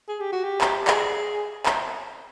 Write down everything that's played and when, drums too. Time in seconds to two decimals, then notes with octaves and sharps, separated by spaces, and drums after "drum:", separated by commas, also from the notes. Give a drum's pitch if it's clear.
0.08 G#4
0.20 G4
0.32 F#4
0.44 G4
0.61 drum: clap
0.87 G#4, drum: clap
1.66 drum: clap